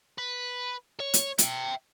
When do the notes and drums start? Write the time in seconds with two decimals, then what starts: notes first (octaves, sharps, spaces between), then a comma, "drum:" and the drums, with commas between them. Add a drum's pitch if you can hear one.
0.18 B4
1.00 C#5
1.14 drum: hi-hat
1.38 E5 G5, drum: hi-hat